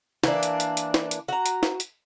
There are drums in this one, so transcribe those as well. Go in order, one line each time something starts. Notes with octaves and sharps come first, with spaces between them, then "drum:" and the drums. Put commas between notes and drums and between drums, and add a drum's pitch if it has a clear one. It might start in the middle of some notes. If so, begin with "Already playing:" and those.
E3 A#3 D4, drum: snare
drum: hi-hat
drum: hi-hat
drum: hi-hat
drum: snare
drum: hi-hat
F#4 A#5
drum: hi-hat
drum: snare
drum: hi-hat